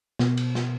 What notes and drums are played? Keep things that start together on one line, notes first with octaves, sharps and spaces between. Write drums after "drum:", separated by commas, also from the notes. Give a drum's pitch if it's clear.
B2, drum: snare
drum: cymbal
drum: snare